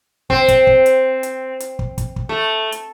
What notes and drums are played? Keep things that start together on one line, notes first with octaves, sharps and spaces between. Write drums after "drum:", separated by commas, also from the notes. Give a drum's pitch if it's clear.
C4, drum: kick
drum: kick, hi-hat
drum: kick
drum: hi-hat
drum: hi-hat
drum: hi-hat
drum: kick
drum: kick, hi-hat
drum: kick
A3
drum: hi-hat